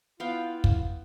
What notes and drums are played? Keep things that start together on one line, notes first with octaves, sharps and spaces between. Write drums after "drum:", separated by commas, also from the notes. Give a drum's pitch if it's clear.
B3 E4 F4 F5 G5
drum: kick